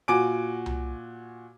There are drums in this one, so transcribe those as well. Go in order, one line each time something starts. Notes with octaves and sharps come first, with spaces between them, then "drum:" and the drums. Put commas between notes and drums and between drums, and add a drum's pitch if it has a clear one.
A#2 F#4 G#5 D6 D7
drum: tom C2